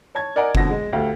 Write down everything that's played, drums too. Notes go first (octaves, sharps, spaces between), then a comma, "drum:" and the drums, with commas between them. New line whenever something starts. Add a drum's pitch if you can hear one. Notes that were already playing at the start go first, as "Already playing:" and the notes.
C#5 A5 G#6
A#4 D5 D#5 F#5 G#5 A#5
F2 B2 D3 A#6, drum: kick F#1
G#3
D2 G4 A4 F5